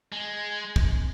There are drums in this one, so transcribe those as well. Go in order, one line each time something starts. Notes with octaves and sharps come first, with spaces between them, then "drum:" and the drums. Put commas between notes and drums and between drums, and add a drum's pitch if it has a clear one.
G#3
drum: kick